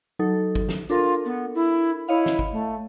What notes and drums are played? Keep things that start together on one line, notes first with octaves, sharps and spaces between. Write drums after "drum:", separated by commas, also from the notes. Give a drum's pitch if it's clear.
F#3 D#4 A4
drum: kick
drum: snare
D4 F4 A4 A#4
B3
E4
E4 C#5 D#5 F5
drum: snare
drum: kick
A3